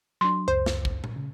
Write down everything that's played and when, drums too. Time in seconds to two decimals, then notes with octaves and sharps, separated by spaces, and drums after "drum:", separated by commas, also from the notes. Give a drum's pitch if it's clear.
0.21 F#3 D4 C6
0.48 C#2 F#2 C5
0.66 drum: snare
0.85 drum: kick
1.04 drum: tom A#2
1.16 C#3